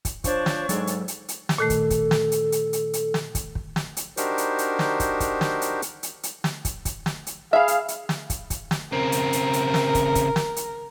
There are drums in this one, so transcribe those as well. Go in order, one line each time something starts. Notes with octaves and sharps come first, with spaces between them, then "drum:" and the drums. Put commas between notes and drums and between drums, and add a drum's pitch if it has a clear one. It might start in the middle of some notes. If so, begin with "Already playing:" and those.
drum: kick, hi-hat
F3 D4 C5 C#5 C#6, drum: kick, hi-hat
drum: snare
G#2 F#3 G#3 A4, drum: hi-hat
drum: hi-hat
drum: hi-hat
drum: hi-hat
drum: snare
A#2 D#3 A3 A4
drum: kick, hi-hat
drum: kick, hi-hat
drum: snare
drum: hi-hat
drum: hi-hat
drum: hi-hat
drum: hi-hat
drum: snare
drum: kick, hi-hat
drum: kick
drum: snare
drum: hi-hat
D4 D#4 F#4 G4 A#4 C5, drum: hi-hat
drum: hi-hat
drum: hi-hat
drum: snare
drum: kick, hi-hat
drum: kick, hi-hat
drum: snare
drum: hi-hat
drum: hi-hat
drum: hi-hat
drum: hi-hat
drum: snare
drum: kick, hi-hat
drum: kick, hi-hat
drum: snare
drum: hi-hat
G#4 E5 F5 B5
drum: hi-hat
drum: hi-hat
drum: snare
drum: kick, hi-hat
drum: kick, hi-hat
drum: snare
C#3 C4 A#4
drum: hi-hat
drum: hi-hat
drum: hi-hat
drum: snare
drum: kick, hi-hat
drum: kick, hi-hat
drum: snare
drum: hi-hat